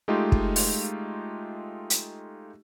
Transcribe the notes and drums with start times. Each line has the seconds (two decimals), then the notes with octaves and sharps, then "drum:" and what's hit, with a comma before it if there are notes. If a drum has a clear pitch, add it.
0.08 G#3 A3 D#4 F4 G4
0.32 drum: kick
0.56 drum: open hi-hat
1.90 drum: hi-hat